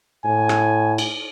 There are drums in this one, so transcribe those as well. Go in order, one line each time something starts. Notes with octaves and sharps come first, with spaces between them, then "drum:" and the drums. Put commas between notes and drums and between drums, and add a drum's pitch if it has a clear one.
A2 G#5
drum: rim click
drum: cymbal